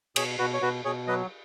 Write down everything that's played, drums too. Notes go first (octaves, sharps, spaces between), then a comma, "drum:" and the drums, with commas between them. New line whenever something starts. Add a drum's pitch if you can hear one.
B2 G#4 C#5, drum: cymbal
B2 F#4 B4
C#5
B2 F#4 B4
B2 G#4 C#5
F#3 B4 D#5